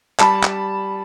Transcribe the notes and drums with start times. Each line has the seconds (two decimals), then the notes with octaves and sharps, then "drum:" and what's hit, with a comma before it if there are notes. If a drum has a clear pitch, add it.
0.19 G3 A5 B5, drum: clap
0.43 drum: clap